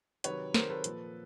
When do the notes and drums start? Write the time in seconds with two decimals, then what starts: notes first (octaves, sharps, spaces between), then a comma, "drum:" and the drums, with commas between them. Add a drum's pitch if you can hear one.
0.24 C3 D#3 F#3 B4 C#5, drum: hi-hat
0.54 C3 D#3 F#3 A#4 C5, drum: snare
0.70 A4 B4
0.84 A#2 F3, drum: hi-hat